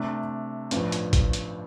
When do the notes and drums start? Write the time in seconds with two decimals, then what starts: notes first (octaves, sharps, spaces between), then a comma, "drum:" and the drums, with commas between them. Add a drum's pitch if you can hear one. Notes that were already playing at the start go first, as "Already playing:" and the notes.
Already playing: C3 A3 D4
0.71 A1 G2 F3, drum: hi-hat
0.92 drum: hi-hat
1.13 drum: kick, hi-hat
1.33 drum: hi-hat